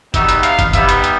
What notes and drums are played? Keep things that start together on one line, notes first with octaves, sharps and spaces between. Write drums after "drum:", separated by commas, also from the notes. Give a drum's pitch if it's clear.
G3 B3 D#4 F#4 E5, drum: kick, hi-hat
drum: hi-hat
F5, drum: hi-hat
drum: kick, hi-hat
G3 B3 D#4 G4 E5, drum: kick, hi-hat
drum: hi-hat
drum: hi-hat